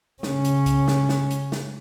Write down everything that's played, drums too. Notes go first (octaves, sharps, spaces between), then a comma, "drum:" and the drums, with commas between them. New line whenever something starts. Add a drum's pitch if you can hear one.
C#3 C#4, drum: snare
drum: hi-hat
drum: kick, hi-hat
drum: snare
drum: snare
drum: hi-hat
drum: snare